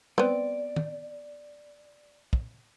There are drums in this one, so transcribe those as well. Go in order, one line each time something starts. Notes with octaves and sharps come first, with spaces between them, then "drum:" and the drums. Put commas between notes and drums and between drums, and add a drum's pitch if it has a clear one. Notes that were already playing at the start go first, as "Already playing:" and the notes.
B3 C4 D5, drum: tom
drum: tom
drum: kick